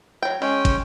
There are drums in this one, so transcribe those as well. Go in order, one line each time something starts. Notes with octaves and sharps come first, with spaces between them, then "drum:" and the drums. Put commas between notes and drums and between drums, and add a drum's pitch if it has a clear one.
F#3 G5
G#3 C#4 G5
drum: kick, hi-hat